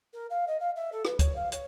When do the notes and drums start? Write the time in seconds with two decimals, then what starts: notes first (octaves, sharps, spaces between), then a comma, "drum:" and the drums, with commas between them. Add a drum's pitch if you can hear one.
0.13 A#4
0.30 F5
0.47 D#5
0.59 F5
0.76 E5
0.92 A4
1.05 B4, drum: rim click
1.19 C#5, drum: kick D2, hi-hat
1.36 F5
1.52 C#5, drum: hi-hat